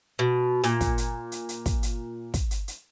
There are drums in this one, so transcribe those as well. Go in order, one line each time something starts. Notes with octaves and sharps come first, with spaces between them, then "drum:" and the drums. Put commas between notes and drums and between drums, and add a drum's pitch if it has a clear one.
B2
A#2, drum: hi-hat
drum: kick, hi-hat
drum: hi-hat
drum: hi-hat
drum: hi-hat
drum: kick, hi-hat
drum: hi-hat
drum: kick, hi-hat
drum: hi-hat
drum: hi-hat